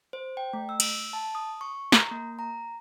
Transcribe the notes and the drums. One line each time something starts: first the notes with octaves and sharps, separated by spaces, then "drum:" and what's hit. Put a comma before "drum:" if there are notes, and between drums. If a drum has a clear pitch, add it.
C5
G5
A3
E6
drum: cymbal
A5
D#6
C#6
A#5, drum: snare
A#3
A#5